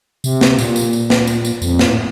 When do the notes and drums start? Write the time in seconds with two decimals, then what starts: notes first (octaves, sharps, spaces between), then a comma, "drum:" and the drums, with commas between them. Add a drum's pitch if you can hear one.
0.24 C3, drum: tambourine
0.41 drum: snare
0.58 A#2, drum: tambourine
0.76 drum: tambourine
0.93 drum: tambourine
1.10 drum: snare
1.27 drum: tambourine
1.45 drum: tambourine
1.62 F2, drum: tambourine
1.79 A#2, drum: snare
1.87 A2